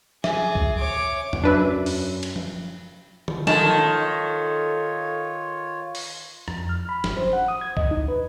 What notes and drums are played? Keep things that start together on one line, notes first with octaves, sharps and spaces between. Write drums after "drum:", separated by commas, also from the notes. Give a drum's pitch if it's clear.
G#4 E5, drum: snare
drum: kick C#2
C#5 D6
drum: tom E2
F#2 C#4 D4 B4 E5
drum: open hi-hat
drum: cymbal
drum: tom F3
drum: tom D3
D#3 F4 A4 C#5 A5, drum: snare
drum: open hi-hat
F2, drum: rim click
F6
B5
G1, drum: snare
C5
F#5
D#6
G#6
D#5, drum: kick C#2
D#4
B4